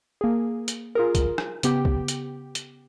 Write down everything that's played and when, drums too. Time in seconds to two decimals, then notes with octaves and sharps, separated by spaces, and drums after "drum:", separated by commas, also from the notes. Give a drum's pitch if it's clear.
0.21 A#3 G#4
0.68 drum: hi-hat
0.95 F4 G#4 A#4
1.15 drum: kick, hi-hat
1.38 drum: rim click
1.63 C#3 B3 G4, drum: hi-hat
1.85 drum: kick
2.08 drum: hi-hat
2.55 drum: hi-hat